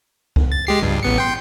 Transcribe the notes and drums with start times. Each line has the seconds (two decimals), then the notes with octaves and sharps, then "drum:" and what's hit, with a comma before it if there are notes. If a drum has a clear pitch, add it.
0.36 drum: kick C#2
0.52 A6
0.67 G#3 G4 C7
0.82 C#2 G2
1.03 A1 B3 C#7
1.18 G5 C6